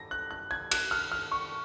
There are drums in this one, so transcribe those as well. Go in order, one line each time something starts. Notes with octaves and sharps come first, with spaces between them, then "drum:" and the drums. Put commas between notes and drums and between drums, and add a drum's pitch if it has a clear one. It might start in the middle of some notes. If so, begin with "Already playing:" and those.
Already playing: A#6
F#6
F#6
G#6
F#6, drum: cymbal
F6
F6
C#6